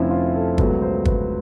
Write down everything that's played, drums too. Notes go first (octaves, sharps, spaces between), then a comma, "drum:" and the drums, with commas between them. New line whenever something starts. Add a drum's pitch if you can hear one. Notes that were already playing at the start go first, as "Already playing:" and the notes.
Already playing: F1 F2 D3 F3 A3 C#4 E4
F4
A4
C#2 B2 F#3 A3 B4, drum: kick
C5
B4, drum: kick